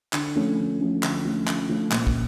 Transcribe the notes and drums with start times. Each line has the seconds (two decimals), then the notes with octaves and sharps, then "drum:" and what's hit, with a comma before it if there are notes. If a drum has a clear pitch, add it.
0.13 D3, drum: clap
0.35 F3 A3 C#4
0.58 D3
0.80 F3 A3 C#4
1.03 D3, drum: clap
1.25 F3 A3 C#4
1.47 D3, drum: clap
1.69 F3 A3 C#4
1.92 A#2, drum: clap
2.07 drum: kick